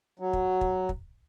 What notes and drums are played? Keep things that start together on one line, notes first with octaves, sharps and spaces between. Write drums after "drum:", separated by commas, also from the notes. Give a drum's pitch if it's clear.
F#3
drum: kick
drum: kick
drum: kick